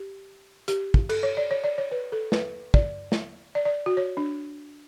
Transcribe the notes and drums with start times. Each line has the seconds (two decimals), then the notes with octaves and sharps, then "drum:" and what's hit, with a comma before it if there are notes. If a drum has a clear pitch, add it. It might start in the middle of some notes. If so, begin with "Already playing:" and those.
Already playing: G4
0.68 G4, drum: hi-hat
0.94 drum: kick
1.09 A4, drum: cymbal
1.23 C#5
1.37 D5
1.51 C#5
1.64 D5
1.78 C#5
1.91 B4
2.12 A4
2.32 B4, drum: snare
2.74 D5, drum: kick
3.12 drum: snare
3.55 D5
3.65 D5
3.86 F#4
3.97 C#5
4.17 D4